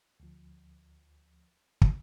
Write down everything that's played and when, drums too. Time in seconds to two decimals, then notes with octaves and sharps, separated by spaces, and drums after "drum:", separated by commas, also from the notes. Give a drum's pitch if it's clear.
0.20 D2 F3
1.81 drum: kick